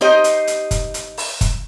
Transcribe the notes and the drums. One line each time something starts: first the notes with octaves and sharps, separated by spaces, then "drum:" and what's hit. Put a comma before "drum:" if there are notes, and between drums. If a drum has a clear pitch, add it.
D#4 G4 C5 D#5
drum: hi-hat
drum: hi-hat
drum: kick, hi-hat
drum: hi-hat
drum: open hi-hat
drum: kick, hi-hat